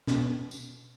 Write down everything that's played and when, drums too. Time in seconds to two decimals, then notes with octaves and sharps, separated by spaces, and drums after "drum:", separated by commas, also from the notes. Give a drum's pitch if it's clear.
0.07 B2, drum: snare
0.51 drum: tambourine